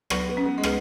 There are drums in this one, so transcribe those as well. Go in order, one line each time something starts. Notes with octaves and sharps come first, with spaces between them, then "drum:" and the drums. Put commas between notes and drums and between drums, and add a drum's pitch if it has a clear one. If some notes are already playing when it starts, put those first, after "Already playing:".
F#3 B3, drum: rim click
B3
C#4
B3
G#3
B3 G#4, drum: rim click